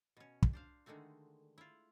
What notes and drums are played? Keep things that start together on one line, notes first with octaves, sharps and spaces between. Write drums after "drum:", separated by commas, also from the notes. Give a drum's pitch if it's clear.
B2 C#4
drum: kick
D4 C5 F5
D3 D#3 G#3 A3 F#4
E4 F4